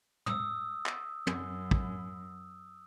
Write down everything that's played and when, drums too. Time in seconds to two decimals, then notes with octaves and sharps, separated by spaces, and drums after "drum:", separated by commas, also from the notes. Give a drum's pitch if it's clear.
0.26 D#6 E6, drum: tom
0.86 drum: clap
1.27 F#2, drum: tom
1.71 drum: kick